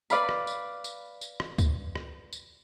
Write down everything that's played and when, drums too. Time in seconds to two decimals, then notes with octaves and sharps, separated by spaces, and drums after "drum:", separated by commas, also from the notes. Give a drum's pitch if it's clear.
0.10 B4 D5 F5 B5, drum: tambourine
0.29 drum: rim click
0.47 drum: tambourine
0.84 drum: tambourine
1.21 drum: tambourine
1.40 drum: rim click
1.58 drum: kick, tambourine
1.95 drum: rim click
2.33 drum: tambourine